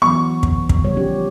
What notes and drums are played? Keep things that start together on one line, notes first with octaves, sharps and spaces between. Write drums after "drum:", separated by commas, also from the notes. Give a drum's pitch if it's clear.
E3 F#3 B3 C#6
drum: kick
drum: kick
C#3 G3 C#5
F3 C#4 G4